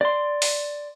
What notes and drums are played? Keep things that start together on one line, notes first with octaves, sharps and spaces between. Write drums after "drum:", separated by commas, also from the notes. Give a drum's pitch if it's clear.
D5 C6
drum: open hi-hat